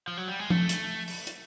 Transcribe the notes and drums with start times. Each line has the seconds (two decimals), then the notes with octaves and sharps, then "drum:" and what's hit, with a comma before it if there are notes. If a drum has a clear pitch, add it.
0.08 F3
0.17 F#3
0.28 G3
0.39 G#3
0.50 A3, drum: tom F3
0.69 drum: hi-hat
1.08 drum: open hi-hat
1.27 drum: hi-hat